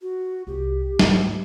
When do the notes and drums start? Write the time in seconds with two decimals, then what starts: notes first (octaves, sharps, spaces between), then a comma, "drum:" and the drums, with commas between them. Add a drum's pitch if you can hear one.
0.01 F#4
0.47 C2 G4
0.99 D2 G#2, drum: snare